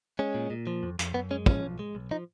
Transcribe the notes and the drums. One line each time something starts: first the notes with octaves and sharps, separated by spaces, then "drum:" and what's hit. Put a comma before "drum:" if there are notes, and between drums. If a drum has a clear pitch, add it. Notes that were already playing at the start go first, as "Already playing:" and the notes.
G#3 C#4
A#2
A#2
F3
F2
F2, drum: hi-hat
F#2 B3
G#3 C#4
F3 C#4, drum: kick
B1
G#3
B1
F3 D#4